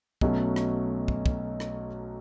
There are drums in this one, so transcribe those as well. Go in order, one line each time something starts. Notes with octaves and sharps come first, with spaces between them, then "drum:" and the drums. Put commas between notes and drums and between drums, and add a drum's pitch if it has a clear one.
B1 B2 F#3 A3 C#4, drum: kick
drum: rim click
drum: kick
drum: kick
drum: rim click